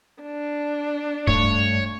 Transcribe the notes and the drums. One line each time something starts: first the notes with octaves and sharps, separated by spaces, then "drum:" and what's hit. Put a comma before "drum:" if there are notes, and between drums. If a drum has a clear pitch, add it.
D4
G2 A3 C#5, drum: kick D1